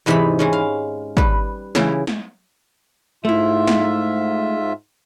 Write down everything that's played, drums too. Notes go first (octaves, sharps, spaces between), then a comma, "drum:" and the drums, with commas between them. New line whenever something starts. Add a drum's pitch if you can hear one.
E2 G#2 C3 E3 D#4 B5
E3 G#3 C#4
F5
G3 B4, drum: kick
C#3 E3 E4, drum: snare
drum: snare
G#2 A3 E4 F4 E5
drum: snare